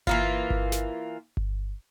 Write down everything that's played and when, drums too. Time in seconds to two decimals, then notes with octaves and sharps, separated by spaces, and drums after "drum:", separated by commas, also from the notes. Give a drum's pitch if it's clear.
0.07 E3 A#3 F4, drum: kick G1
0.50 drum: kick G1
0.72 drum: snare
1.37 drum: kick G1